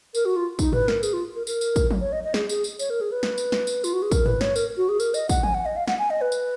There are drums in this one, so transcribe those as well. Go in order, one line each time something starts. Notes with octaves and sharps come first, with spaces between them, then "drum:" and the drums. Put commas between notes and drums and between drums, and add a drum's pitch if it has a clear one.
A#4, drum: tambourine
F#4
F4
D#4, drum: kick, tambourine
B4, drum: tom G#2
A#4, drum: snare
G#4, drum: tambourine
F4
A#4
A#4, drum: tambourine
drum: tambourine
drum: kick, tambourine
drum: tom F3
C#5
D#5
D#5
G#4, drum: snare
G#4, drum: tambourine
drum: tambourine
C#5, drum: tambourine
A#4
G#4
B4
drum: snare
drum: tambourine
drum: snare
drum: tambourine
F4, drum: tambourine
F#4
G#4
A#4, drum: kick, tambourine
B4, drum: tom G#2
C#5, drum: snare
A#4, drum: tambourine
F#4
G#4
A#4, drum: tambourine
D#5, drum: tambourine
F#5, drum: kick, tambourine
G#5, drum: tom E3
F#5
D#5
F5
F#5, drum: snare
G#5
D#5
B4
drum: tambourine